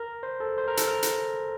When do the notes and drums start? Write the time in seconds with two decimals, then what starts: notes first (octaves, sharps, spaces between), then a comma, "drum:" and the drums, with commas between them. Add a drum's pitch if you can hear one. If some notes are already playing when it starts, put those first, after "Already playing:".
Already playing: A#4
0.23 C5
0.40 A4
0.58 C5
0.68 A#4
0.77 A4, drum: hi-hat
0.87 A#4
1.03 drum: hi-hat